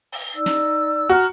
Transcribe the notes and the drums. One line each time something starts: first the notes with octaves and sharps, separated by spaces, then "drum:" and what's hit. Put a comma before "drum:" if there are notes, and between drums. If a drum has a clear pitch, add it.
drum: open hi-hat
D#4 D5 E6
drum: snare
F#4 A#5 F6